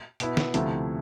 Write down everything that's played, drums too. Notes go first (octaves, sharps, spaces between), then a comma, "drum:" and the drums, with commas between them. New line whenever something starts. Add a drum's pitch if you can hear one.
B2 B3 E4, drum: hi-hat
drum: snare
D2 C3 F3 A3 E4, drum: hi-hat